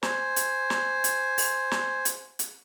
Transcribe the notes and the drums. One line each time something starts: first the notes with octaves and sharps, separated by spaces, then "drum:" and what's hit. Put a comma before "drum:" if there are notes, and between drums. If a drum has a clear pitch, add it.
C5 G#5, drum: snare
drum: hi-hat
drum: snare
drum: hi-hat
drum: open hi-hat
drum: snare
drum: hi-hat
drum: hi-hat